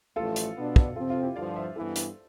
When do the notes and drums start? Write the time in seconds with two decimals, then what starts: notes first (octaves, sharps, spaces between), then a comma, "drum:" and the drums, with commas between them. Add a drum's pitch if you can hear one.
0.16 A1 G2 F3 A3 F4 A4
0.36 drum: hi-hat
0.57 B2 B3 D4
0.76 drum: kick
0.96 F2 C3 F3 C4 F4 A4
1.10 F4
1.23 E4 G4
1.36 G2 D3 F3 D5 F5
1.56 C5 E5
1.76 G2 E3 B3 E4 A4 C5
1.96 drum: hi-hat